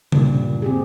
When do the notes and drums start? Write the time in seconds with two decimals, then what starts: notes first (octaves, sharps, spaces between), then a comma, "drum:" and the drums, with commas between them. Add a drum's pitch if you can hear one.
0.12 G2 A#2 C#3, drum: tom C3
0.62 C4 G4 G#4